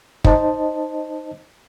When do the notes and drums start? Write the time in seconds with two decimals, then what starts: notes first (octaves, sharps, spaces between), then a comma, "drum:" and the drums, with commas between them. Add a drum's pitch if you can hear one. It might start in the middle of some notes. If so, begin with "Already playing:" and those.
0.24 D#4 C5 D#5 A5, drum: kick